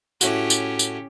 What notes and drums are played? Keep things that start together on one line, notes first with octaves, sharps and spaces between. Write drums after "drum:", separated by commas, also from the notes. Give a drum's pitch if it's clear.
A2 C#4 E4 F#4 G4, drum: tambourine
drum: tambourine
drum: tambourine